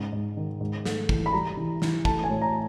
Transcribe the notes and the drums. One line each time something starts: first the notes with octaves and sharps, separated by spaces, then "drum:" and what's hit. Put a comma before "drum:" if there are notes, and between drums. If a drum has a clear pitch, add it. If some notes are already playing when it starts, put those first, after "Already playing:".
Already playing: G#2 C#3
G#2
D#3
G#2
A3, drum: snare
E3, drum: kick
B5
G3 A#5
E3
E3, drum: snare
A3 A5, drum: kick
G#5
A2
A#5